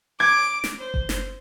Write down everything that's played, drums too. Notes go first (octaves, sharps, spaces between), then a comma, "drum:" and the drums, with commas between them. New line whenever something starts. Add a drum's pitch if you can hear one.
D6 G#6
drum: snare
C5
drum: kick F#1
drum: snare